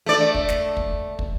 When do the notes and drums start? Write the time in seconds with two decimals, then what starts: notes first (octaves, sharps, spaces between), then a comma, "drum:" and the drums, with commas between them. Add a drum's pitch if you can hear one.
0.06 A3 D5
0.34 drum: kick
0.49 drum: snare
0.77 drum: kick
1.19 drum: kick